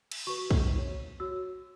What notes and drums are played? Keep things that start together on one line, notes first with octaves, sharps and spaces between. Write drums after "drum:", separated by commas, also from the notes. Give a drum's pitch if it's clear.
drum: cymbal
F#4 B4 C#6
drum: kick
F#4 C#5
F#4 C#5 E6